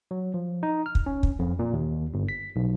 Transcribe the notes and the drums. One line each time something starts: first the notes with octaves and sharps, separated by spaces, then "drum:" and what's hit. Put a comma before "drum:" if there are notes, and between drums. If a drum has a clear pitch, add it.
F#3
F3
D#4
F6
drum: kick
C#4
drum: kick
F2
A#2
D#2
G1
B6
B1